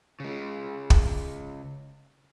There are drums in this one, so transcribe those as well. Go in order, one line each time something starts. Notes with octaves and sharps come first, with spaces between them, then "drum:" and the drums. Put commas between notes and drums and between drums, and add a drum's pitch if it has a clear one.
C#3 G#3
drum: kick